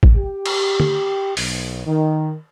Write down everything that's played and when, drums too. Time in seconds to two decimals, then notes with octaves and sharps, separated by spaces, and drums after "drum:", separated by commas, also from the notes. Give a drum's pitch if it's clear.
0.03 drum: kick A1
0.16 G4
0.46 drum: cymbal
0.80 drum: tom D3
1.37 B1, drum: open hi-hat
1.85 D#3